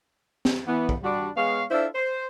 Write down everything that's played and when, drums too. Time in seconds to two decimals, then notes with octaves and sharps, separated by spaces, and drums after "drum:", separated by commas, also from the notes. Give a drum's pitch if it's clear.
0.45 drum: snare
0.67 E3 B3
0.89 drum: kick
1.04 G3 D4 F#4
1.37 G#3 B3 C#5 F5
1.71 D4 E4 F4 A4 C5 E5
1.95 C5